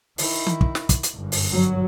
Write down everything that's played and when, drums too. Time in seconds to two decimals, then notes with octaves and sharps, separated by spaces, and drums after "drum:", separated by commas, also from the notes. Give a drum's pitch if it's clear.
0.18 D#3 E4, drum: open hi-hat
0.47 drum: tom D#3
0.61 drum: kick
0.75 drum: snare
0.89 drum: kick, hi-hat
1.03 drum: hi-hat
1.14 G1 F#2
1.32 drum: open hi-hat
1.52 F#3